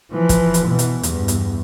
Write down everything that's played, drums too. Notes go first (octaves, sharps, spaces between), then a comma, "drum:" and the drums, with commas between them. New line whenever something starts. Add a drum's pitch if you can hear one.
E3 F3
drum: kick, hi-hat
drum: hi-hat
B2 E3
drum: hi-hat
E2 G2, drum: hi-hat
drum: hi-hat